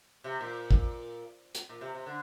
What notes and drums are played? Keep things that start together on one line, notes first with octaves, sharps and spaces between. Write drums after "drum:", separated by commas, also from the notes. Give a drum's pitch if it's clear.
C3
A#2
drum: kick
drum: hi-hat
A#2
C3
C3
D3